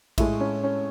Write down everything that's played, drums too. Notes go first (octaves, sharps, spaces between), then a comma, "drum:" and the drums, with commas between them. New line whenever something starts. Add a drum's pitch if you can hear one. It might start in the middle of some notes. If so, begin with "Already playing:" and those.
A2 G#3 E4, drum: kick A#1, cymbal
C#4
C#4